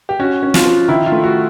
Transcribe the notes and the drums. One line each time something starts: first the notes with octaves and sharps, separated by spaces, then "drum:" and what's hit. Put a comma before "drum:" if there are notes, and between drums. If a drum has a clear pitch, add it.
G4
C#4 F#4
C#4
F4, drum: snare
F3
D#3 E4
F4
A3
F#4